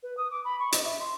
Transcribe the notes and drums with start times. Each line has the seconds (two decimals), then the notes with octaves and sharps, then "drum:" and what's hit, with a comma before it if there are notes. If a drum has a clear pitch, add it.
0.03 B4
0.17 D#6
0.31 D6
0.45 B5
0.59 C#6
0.72 D#5, drum: hi-hat
0.84 E5
1.00 C6